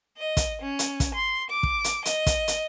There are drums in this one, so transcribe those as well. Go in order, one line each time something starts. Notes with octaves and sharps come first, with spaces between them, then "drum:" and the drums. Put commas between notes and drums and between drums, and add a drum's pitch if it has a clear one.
D#5
drum: kick, hi-hat
C#4
drum: hi-hat
drum: kick, hi-hat
C6
D6
drum: kick
drum: hi-hat
D#5, drum: hi-hat
drum: kick, hi-hat
drum: hi-hat